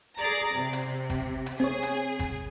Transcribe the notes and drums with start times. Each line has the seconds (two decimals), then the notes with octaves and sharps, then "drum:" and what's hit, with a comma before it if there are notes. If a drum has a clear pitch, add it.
0.18 G#4 D5 A#5
0.55 C3
0.73 drum: hi-hat
1.10 drum: kick, hi-hat
1.46 drum: hi-hat
1.60 C4 G#4 C#5
1.83 drum: hi-hat
2.19 drum: kick, hi-hat